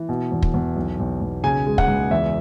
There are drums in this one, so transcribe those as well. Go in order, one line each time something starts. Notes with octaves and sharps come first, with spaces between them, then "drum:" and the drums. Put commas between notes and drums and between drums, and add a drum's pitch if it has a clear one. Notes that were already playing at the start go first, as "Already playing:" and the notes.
Already playing: E3
B2
E2
drum: kick
E2
B1
B1
B1
C#3 G#5
G#3
F#5, drum: kick
C#2
E2 E5